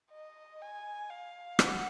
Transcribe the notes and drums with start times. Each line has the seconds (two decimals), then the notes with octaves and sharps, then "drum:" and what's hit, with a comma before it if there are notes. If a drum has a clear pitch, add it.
0.12 D#5
0.62 G#5
1.10 F5
1.59 F#5, drum: rim click